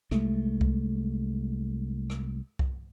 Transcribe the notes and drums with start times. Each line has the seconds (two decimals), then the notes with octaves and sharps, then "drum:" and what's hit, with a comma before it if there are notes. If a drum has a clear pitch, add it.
0.11 C2 G#3 A3, drum: rim click
0.61 drum: kick C2
2.10 drum: rim click
2.59 drum: kick C2